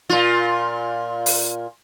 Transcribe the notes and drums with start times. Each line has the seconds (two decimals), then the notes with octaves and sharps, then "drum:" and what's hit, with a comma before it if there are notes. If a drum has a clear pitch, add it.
0.09 A#2 F4
1.26 drum: open hi-hat